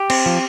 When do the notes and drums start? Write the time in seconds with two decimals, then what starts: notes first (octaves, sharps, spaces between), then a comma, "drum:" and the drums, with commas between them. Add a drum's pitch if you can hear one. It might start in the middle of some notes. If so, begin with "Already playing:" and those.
Already playing: G4
0.10 C4, drum: cymbal
0.26 F3